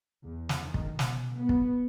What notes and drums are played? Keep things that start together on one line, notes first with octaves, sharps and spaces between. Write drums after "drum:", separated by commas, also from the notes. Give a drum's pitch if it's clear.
E2
drum: snare
D#3
drum: kick
B2, drum: snare
B3
drum: kick